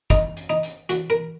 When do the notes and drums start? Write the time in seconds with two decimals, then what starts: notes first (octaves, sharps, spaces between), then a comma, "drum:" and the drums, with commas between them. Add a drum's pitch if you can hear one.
0.10 D#4, drum: kick, hi-hat
0.37 drum: hi-hat
0.50 D#4
0.63 drum: hi-hat
0.89 F#4, drum: hi-hat
1.10 A#4